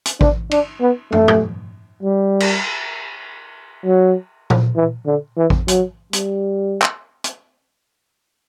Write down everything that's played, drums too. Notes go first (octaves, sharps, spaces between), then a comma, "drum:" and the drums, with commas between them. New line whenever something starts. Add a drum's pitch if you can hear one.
drum: hi-hat
D4, drum: kick A1
D4, drum: cymbal
B3
A3, drum: tom
drum: tom
G3
drum: cymbal
F#3
drum: tom A#2
E3
D3
E3
drum: kick A1
F#3, drum: hi-hat
G3, drum: hi-hat
drum: clap
drum: hi-hat